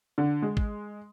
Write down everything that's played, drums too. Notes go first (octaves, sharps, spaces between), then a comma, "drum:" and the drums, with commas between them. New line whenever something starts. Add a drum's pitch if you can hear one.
D3
G#3
drum: kick